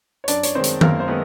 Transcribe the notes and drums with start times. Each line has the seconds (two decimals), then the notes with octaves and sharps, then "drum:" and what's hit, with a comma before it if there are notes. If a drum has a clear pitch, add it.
0.24 C#5
0.28 F#2 D4 D5, drum: hi-hat
0.43 C#5, drum: hi-hat
0.55 D#3 G#3 C4 C5
0.64 drum: hi-hat
0.81 F#2 A#3 A#4, drum: tom D#3
1.00 C5
1.08 D#3 G#3 B3 B4